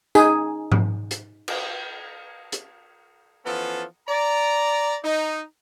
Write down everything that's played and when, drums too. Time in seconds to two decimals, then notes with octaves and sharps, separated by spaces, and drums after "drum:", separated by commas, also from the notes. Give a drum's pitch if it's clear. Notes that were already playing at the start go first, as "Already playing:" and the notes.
0.15 D#4 G#4, drum: tambourine
0.72 drum: tom G#2
1.11 drum: hi-hat
1.48 drum: cymbal
2.52 drum: hi-hat
3.46 E3 F3 B3 C#4 F4 A4
4.08 D5 A#5
5.05 D#4